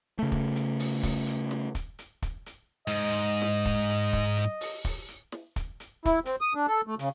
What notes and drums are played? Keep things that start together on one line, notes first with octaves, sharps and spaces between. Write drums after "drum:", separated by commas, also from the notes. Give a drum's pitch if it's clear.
C#3 A3
drum: kick
drum: hi-hat
drum: open hi-hat
drum: kick, open hi-hat
drum: hi-hat
drum: snare
drum: kick, hi-hat
drum: hi-hat
drum: kick, hi-hat
drum: hi-hat
G#2 D#5
drum: hi-hat
drum: snare
drum: kick, hi-hat
drum: hi-hat
drum: kick
drum: hi-hat
drum: open hi-hat
drum: kick, open hi-hat
drum: hi-hat
drum: snare
drum: kick, hi-hat
drum: hi-hat
E4, drum: kick, hi-hat
C4, drum: hi-hat
D#6
D4
A4
A3
C#3, drum: hi-hat